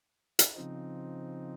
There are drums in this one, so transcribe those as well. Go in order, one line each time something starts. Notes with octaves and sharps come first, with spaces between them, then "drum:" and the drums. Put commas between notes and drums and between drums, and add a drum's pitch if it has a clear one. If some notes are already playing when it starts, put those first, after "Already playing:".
drum: hi-hat
C#3 F3 C4 D#4